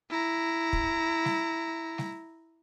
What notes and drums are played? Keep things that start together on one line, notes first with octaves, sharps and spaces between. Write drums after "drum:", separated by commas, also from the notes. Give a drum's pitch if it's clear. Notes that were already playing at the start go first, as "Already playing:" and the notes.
E4 A#5
drum: kick
drum: snare
drum: snare